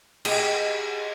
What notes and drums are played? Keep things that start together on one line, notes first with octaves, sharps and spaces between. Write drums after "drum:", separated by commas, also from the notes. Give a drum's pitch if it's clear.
G4 G#4 D#5, drum: cymbal